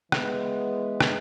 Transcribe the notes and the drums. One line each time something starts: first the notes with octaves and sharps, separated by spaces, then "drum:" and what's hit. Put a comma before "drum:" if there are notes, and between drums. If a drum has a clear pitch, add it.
E3 G#3 B3, drum: rim click
drum: rim click